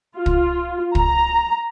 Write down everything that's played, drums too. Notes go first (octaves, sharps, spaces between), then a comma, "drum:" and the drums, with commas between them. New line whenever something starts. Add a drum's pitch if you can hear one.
F4
drum: kick
A#5, drum: kick